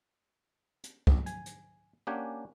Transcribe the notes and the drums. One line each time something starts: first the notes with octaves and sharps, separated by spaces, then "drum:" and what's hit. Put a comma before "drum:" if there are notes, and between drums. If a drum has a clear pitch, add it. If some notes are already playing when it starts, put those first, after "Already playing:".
drum: hi-hat
A#1, drum: kick
G#5, drum: hi-hat
drum: hi-hat
A#3 C#4 D4 G4 F#5 G#5